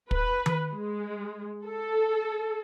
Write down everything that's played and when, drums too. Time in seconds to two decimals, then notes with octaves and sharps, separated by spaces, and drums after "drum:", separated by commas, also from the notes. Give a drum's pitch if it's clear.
0.11 B4, drum: kick
0.46 drum: tom D#3
0.74 G#3
1.66 A4